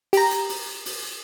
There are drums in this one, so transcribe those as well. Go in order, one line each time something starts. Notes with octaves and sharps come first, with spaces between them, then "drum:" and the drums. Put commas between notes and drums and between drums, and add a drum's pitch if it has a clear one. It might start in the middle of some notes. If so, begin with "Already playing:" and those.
G4 A#5, drum: open hi-hat
drum: hi-hat
drum: open hi-hat
drum: open hi-hat